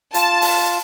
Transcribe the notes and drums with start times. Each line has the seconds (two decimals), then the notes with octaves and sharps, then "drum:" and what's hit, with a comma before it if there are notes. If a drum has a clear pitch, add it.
0.14 F4 A5, drum: hi-hat
0.42 drum: open hi-hat